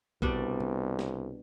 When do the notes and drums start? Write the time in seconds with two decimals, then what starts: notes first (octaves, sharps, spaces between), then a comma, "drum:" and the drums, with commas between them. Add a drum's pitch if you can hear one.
0.22 C2 B2 G3 D4, drum: kick A#1
0.60 drum: tom
0.99 drum: snare